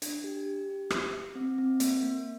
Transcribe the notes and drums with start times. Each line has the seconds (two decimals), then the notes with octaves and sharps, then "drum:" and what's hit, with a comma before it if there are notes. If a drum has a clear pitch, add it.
0.02 D4, drum: hi-hat
0.24 G4
0.46 G4
0.69 G4
0.90 E5, drum: rim click
1.14 E5
1.36 C4
1.58 C4
1.80 A#3, drum: hi-hat
2.03 A#3